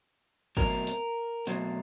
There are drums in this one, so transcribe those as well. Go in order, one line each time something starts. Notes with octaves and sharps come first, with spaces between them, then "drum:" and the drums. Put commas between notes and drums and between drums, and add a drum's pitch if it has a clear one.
B2 F#3 A3 C4 A#4, drum: kick
drum: hi-hat
B2 F#3 A3 C4, drum: hi-hat